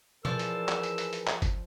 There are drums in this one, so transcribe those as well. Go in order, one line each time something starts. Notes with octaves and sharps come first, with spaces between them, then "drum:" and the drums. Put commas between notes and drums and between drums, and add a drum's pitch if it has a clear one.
E3 F3 F4 G#4 A#4 D5 E6, drum: tom
drum: hi-hat
drum: clap
drum: hi-hat
drum: hi-hat
drum: hi-hat
drum: clap
drum: kick G1, hi-hat